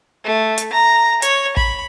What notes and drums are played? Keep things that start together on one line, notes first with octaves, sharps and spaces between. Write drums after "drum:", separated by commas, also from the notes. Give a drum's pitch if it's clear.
A3
drum: hi-hat
A#5
C#5, drum: hi-hat
B5, drum: kick